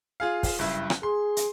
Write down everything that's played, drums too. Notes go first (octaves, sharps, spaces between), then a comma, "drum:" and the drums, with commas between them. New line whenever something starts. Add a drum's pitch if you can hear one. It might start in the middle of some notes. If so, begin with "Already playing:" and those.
F4 G#4 F5
drum: kick, open hi-hat
F#1 G2 E4
drum: rim click
G#4 C6
drum: hi-hat